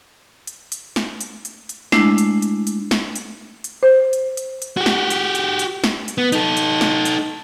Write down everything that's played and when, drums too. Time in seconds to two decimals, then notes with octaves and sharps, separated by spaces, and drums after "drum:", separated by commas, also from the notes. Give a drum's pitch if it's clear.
0.47 drum: hi-hat
0.72 drum: hi-hat
0.96 drum: snare
1.21 drum: hi-hat
1.45 drum: hi-hat
1.69 drum: hi-hat
1.92 G#3 A3 D4 E4, drum: snare
2.18 drum: hi-hat
2.42 drum: hi-hat
2.67 drum: hi-hat
2.91 drum: snare
3.16 drum: hi-hat
3.64 drum: hi-hat
3.83 C5
4.13 drum: hi-hat
4.37 drum: hi-hat
4.62 drum: hi-hat
4.77 F#4 G4
4.86 drum: snare
5.10 drum: hi-hat
5.35 drum: hi-hat
5.59 drum: hi-hat
5.84 drum: snare
6.08 drum: hi-hat
6.18 B3
6.32 D#4 A4, drum: hi-hat
6.57 drum: hi-hat
6.81 drum: snare
7.05 drum: hi-hat